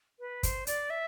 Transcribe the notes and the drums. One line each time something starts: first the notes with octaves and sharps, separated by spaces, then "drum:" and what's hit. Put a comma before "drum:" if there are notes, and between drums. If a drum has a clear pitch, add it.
B4
C5, drum: kick, hi-hat
D5, drum: hi-hat
E5